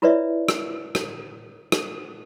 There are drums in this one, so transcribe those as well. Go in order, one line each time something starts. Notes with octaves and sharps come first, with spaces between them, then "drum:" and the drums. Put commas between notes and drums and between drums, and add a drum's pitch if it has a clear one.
E4 F4 B4 C#5 D5 E5
drum: rim click
drum: rim click
drum: rim click